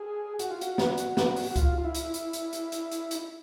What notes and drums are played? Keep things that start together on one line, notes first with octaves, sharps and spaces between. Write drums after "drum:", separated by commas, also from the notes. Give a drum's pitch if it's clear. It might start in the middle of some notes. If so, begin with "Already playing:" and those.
Already playing: G#4
F#4, drum: hi-hat
F4
F#4, drum: hi-hat
drum: snare
drum: hi-hat
drum: snare
drum: open hi-hat
F#4
F4, drum: kick C#2, hi-hat
F4
E4
drum: hi-hat
drum: hi-hat
drum: hi-hat
drum: hi-hat
drum: hi-hat
drum: hi-hat
drum: hi-hat